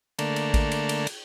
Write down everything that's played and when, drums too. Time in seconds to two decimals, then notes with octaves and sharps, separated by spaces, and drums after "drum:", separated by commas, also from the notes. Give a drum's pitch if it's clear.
0.19 D3 A3 A#3, drum: cymbal
0.36 drum: cymbal
0.54 drum: kick A1, cymbal
0.72 drum: cymbal
0.89 drum: cymbal
1.07 drum: cymbal